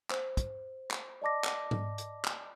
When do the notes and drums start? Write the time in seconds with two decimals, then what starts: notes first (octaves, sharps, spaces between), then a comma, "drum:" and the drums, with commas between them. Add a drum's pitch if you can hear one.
0.10 C5, drum: clap
0.37 drum: kick, hi-hat
0.91 drum: clap
1.22 D5 D#5 A5 D6 A#6
1.44 drum: clap
1.71 drum: tom G#2
1.98 drum: hi-hat
2.25 drum: clap